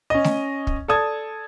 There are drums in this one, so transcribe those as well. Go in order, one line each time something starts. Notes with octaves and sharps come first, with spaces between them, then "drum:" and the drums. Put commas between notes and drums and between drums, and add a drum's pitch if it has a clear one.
C#4 D#5
drum: snare A3
drum: kick
A4 D5 A5 D#6 G#6